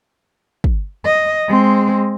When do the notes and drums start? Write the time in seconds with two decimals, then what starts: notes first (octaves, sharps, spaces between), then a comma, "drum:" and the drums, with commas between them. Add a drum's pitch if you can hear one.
0.64 drum: kick
1.05 D#5
1.48 G#3 C4